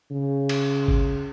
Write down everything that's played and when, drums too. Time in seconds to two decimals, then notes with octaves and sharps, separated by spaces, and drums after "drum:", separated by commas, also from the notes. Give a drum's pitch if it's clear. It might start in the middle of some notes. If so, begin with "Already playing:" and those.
0.11 C#3
0.49 drum: cymbal
0.88 drum: kick G1